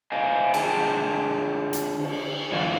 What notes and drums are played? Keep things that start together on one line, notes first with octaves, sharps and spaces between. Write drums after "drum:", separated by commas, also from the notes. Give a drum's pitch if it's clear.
C5 D#5 F5 G#5
D3 F4 G#4 G5 A5, drum: cymbal
drum: hi-hat
drum: cymbal
F#2 D3 E3 C#4 F4